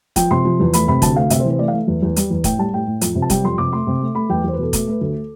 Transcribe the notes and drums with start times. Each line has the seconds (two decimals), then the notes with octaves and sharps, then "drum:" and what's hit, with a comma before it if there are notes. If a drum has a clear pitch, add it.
0.16 F3 G5, drum: kick F1, hi-hat
0.31 C3 C6
0.45 F3
0.60 E2
0.73 A3 B5, drum: hi-hat
0.88 C3 B5
1.02 D2 A5, drum: kick F1, hi-hat
1.16 A3 F5
1.30 C3 E5, drum: hi-hat
1.40 C5
1.45 E3
1.50 C5
1.59 A3 D5
1.68 F5
1.73 A3
1.87 E2
2.02 E2
2.16 G3, drum: hi-hat
2.31 E2
2.44 A2 G5, drum: kick F1, hi-hat
2.58 G3 A5
2.73 A2 G5
2.87 A2
3.01 F2, drum: hi-hat
3.15 C3
3.22 A5
3.30 G3 G5, drum: kick F1, hi-hat
3.44 F2 C6
3.58 C3 D6
3.73 A3 C6
3.87 C3
4.01 A3
4.15 A3 B5
4.30 E2 G5
4.44 E2 C5
4.53 B4
4.58 B2 A4
4.73 A3, drum: kick F1, hi-hat
4.87 A3 B4
5.01 D2 A4